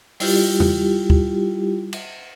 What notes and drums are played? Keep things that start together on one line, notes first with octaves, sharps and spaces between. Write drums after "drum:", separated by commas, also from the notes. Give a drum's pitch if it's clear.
G3 E4 F4 G4, drum: open hi-hat
drum: tom E2
drum: kick
drum: cymbal